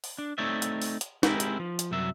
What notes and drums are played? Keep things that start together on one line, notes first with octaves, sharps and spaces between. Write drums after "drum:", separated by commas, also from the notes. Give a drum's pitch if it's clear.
drum: open hi-hat
D4
A3 C4 D#4 C#5 D5 E5
drum: hi-hat
drum: open hi-hat
drum: hi-hat
G#3 C4 E4 G4 A#4, drum: snare
drum: hi-hat
F3
drum: hi-hat
C2 F#2 F#3 E5